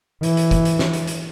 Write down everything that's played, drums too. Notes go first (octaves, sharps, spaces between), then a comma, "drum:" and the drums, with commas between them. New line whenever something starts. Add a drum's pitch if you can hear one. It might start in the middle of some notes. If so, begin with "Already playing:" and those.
E3, drum: hi-hat
drum: hi-hat
drum: kick, hi-hat
drum: hi-hat
drum: snare
drum: hi-hat
drum: hi-hat